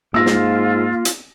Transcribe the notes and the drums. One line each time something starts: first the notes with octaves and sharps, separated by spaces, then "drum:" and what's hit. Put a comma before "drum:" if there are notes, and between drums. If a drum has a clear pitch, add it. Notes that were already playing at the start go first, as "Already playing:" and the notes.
G#2 A#3 F4 E6 A#6
drum: snare
drum: hi-hat